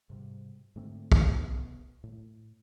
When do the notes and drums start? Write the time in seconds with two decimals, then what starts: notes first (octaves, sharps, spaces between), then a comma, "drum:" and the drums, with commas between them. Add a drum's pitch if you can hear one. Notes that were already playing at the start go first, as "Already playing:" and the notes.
0.10 G#2 C3 G3
0.76 G#2 D3 A3 C4
1.12 drum: kick
1.27 D#1 C2 B2 B3
2.03 A2